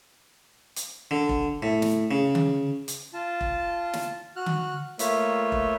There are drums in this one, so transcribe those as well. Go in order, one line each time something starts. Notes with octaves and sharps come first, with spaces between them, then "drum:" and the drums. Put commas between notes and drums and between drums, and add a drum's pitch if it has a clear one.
drum: hi-hat
D3
drum: kick F1
A2
drum: snare
C#3
drum: tom D3
drum: hi-hat
F4 A5
drum: kick F1
drum: snare
F#4 F6 F#6
drum: tom D3
A3 A#3 F4 B4 C#5 E5, drum: hi-hat
drum: kick F1